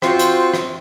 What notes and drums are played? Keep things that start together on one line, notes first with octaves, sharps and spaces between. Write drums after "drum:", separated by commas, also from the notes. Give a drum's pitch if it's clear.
C4 F4 F#4 C5, drum: rim click
drum: hi-hat
drum: rim click